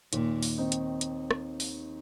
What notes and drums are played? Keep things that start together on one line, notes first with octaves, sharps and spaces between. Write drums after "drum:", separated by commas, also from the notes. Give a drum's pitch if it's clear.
D#2 A#2, drum: hi-hat
drum: open hi-hat
D#3 C4 D#4
drum: hi-hat
drum: hi-hat
drum: rim click
drum: open hi-hat